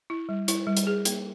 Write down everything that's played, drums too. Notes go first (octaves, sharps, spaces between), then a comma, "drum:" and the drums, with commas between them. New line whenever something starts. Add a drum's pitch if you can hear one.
E4
G3
E4, drum: hi-hat
G3
drum: hi-hat
G#4
A#3, drum: hi-hat